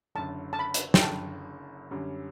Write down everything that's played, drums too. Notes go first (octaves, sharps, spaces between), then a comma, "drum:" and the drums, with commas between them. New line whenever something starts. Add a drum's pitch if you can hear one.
F#1 F#2 D3 A5
A5
B5
drum: hi-hat
G5, drum: snare
F#1 F#2 D3 A5
F#2 D3 G3 C#4